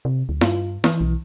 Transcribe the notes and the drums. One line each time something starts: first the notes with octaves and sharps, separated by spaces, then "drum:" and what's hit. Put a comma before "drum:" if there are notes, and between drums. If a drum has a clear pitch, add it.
C3
D2
G2 F4, drum: snare E4
E3, drum: snare E4
B1